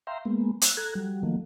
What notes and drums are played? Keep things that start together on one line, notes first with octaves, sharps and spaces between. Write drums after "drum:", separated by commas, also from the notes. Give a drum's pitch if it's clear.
E5 F5 G5 A#5 C6
G#3 A#3 B3
E6 F#6, drum: hi-hat
A4 A#5 F#6 G#6
F#3 G3
D#3 F3 F#3 A3 A#3